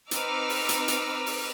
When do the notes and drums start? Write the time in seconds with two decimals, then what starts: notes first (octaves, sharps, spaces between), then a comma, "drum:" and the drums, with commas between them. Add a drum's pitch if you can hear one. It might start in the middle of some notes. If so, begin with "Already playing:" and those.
0.11 C4 D#4 B4 D6 E6 F6, drum: hi-hat
0.50 drum: open hi-hat
0.69 drum: hi-hat
0.88 drum: hi-hat
1.26 drum: open hi-hat